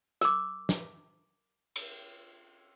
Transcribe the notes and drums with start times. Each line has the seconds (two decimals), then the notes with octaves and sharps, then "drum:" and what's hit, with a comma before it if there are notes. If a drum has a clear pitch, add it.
0.21 A#4 D6, drum: hi-hat
0.69 drum: snare
1.76 drum: cymbal